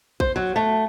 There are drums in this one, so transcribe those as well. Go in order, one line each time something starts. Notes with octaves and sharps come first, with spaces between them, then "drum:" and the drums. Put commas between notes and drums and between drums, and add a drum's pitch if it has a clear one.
C5, drum: kick
F#3
A3